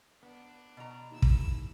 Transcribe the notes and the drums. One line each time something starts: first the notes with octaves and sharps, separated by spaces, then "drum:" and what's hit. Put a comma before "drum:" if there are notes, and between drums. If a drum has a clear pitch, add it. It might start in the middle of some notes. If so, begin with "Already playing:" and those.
B3 D4
B2 A#5
D#2 E4 E6
drum: kick